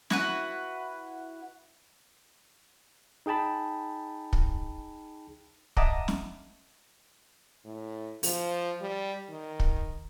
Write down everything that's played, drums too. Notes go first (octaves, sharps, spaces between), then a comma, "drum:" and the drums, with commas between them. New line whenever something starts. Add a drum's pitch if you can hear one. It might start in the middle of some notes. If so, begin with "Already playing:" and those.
E4 F#4 B4, drum: snare
D#4 G#4 G5 A5 B5
drum: kick
D#5 E5 F#5 A5 A#5 D6, drum: kick
drum: snare
A2
F3, drum: open hi-hat
G3
D#3
drum: kick